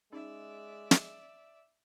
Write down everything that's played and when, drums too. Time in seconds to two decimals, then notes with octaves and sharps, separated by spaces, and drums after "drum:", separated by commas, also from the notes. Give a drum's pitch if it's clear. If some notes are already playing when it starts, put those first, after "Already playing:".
0.12 G#3 C#4 D#4 G#4 D5 E5
0.91 drum: snare